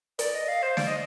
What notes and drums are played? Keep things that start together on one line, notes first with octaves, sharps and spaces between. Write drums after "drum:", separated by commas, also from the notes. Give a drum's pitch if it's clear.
D5, drum: hi-hat
D#5
F5
C5
D5, drum: snare
D#5